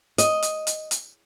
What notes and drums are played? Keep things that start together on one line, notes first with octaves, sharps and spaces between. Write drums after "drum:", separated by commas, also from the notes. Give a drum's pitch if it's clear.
D#5, drum: hi-hat
drum: hi-hat
drum: hi-hat
drum: hi-hat